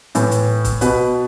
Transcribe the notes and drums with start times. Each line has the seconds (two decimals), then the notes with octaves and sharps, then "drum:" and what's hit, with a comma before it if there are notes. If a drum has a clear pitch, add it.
0.15 A2 E3, drum: hi-hat
0.31 drum: hi-hat
0.65 drum: kick, hi-hat
0.81 B2 B4, drum: hi-hat